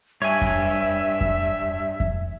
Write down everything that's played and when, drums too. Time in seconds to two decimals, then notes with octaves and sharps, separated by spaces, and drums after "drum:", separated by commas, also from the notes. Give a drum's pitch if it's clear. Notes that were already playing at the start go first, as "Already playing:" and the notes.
0.22 G2 C#5 E5 G#5
0.41 drum: kick F2
1.21 drum: kick F2
2.00 drum: kick F2